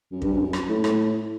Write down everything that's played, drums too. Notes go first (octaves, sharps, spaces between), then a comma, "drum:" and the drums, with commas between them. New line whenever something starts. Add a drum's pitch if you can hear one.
F#2
G2, drum: kick
F#2
F#2
drum: rim click
A2
A2, drum: rim click